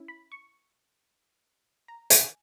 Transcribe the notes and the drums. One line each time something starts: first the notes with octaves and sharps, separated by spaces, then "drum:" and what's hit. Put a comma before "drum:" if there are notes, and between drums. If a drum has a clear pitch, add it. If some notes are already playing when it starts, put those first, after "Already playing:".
Already playing: C#4 E4
B5
C#6
A#5
G#5, drum: hi-hat